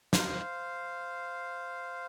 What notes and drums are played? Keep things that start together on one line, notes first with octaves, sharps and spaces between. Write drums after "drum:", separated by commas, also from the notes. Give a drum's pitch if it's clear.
C5 F5, drum: snare